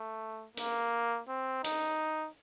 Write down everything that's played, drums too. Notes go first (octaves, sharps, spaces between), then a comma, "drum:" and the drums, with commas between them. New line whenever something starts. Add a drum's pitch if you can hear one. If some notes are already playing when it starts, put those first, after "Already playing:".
Already playing: A3
A#3, drum: hi-hat
C4
D#4, drum: hi-hat